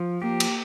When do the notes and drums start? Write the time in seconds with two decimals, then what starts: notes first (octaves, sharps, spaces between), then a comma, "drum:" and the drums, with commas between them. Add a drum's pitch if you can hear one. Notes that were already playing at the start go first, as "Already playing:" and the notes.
Already playing: F3
0.22 A#3 G4
0.40 drum: cymbal